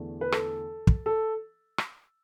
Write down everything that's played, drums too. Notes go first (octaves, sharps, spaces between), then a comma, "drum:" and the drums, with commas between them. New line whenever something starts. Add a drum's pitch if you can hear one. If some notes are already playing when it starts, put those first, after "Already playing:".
Already playing: E2 D3 A3 D4
B4
A4, drum: rim click
drum: kick
A4
drum: rim click